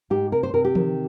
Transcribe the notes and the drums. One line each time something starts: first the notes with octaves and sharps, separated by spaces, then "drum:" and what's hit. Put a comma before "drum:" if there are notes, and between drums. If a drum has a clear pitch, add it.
G#2 G4
C3 A#4
C5
C3 A#4
G4
D#3, drum: tom E3